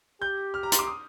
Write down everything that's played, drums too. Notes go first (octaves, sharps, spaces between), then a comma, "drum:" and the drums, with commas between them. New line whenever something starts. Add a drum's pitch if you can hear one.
G4 G6
F6
A#5
C6, drum: hi-hat
D6
D#6